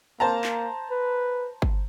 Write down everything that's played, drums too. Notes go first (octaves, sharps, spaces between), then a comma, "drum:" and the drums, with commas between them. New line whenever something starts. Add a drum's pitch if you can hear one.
A#3 C5 A5 A#5
drum: clap
B4
drum: kick G1